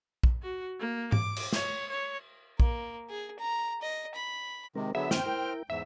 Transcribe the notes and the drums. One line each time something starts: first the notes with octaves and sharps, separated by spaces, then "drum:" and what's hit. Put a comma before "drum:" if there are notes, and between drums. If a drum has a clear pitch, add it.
drum: kick A#1
F#4
A#3
D6, drum: tom G#2
drum: cymbal
C#5, drum: snare
C#5
A#3, drum: kick A#1
G#4
A#5
D#5
B5
C3 D#3 G#3 C4 A#4
D3 F#3 B3 G#4 E5
D#3 A#3 C#4 C5 G5 F6, drum: snare
E4 A#4
E2 G#2 E5